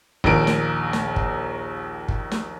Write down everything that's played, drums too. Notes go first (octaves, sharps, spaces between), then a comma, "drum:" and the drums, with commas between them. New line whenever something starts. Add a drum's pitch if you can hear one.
A#1 D#2 A#4 D7, drum: kick
drum: snare
drum: snare
drum: kick
drum: kick
drum: snare